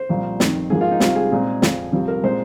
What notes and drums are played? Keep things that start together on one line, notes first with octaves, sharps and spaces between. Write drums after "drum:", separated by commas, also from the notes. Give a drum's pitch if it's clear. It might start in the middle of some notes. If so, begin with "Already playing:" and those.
Already playing: C5
C2 A#2 F3
F2 D#3 C4, drum: snare
G#2 F3 A#3 G#4
F4
D#4
C2 C3 G#3 C4 F4, drum: snare
G#4
A#2 G#3 C4
F2 F3 C4, drum: snare
C2 C3 F3 C4
A#4
A#2 G#3 C4 C5